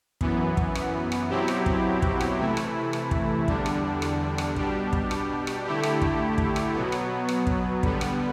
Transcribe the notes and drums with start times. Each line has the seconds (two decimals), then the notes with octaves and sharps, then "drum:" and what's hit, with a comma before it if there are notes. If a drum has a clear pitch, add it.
0.21 F#2 E3 B3, drum: kick
0.57 drum: kick
0.75 drum: rim click
1.12 drum: rim click
1.30 B2 F#3 C4 E4 G4
1.48 drum: rim click
1.66 drum: kick
2.02 drum: kick
2.21 drum: rim click
2.39 C3 E3 A3 E4
2.57 drum: rim click
2.93 drum: rim click
3.11 drum: kick
3.48 E2 D3 G3 D4, drum: kick
3.66 drum: rim click
4.02 drum: rim click
4.38 drum: rim click
4.56 B2 G3 D4 G4, drum: kick
4.93 drum: kick
5.11 drum: rim click
5.47 drum: rim click
5.66 D3 A3 E4 G4
5.83 drum: rim click
6.02 drum: kick
6.38 drum: kick
6.56 drum: rim click
6.74 B2 F#3 B3
6.92 drum: rim click
7.29 drum: rim click
7.47 drum: kick
7.83 D3 G3 B3, drum: kick
8.01 drum: rim click